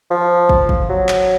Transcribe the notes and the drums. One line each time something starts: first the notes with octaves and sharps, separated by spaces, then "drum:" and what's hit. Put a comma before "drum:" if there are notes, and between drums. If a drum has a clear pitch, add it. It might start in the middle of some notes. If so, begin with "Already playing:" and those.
F3
drum: kick
drum: kick
F#3
drum: clap